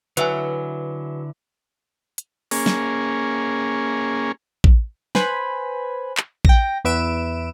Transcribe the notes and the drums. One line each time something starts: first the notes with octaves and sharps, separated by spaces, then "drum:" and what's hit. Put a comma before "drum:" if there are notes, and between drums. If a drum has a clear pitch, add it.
D3 F#3 E4 B4 E5 G#5, drum: hi-hat
drum: hi-hat
A#3 C#4 G#4, drum: open hi-hat
drum: snare
drum: kick
B4 C5 G#5 B5, drum: snare
drum: clap
G5 A#6, drum: kick
E2 B4 E5 D7 E7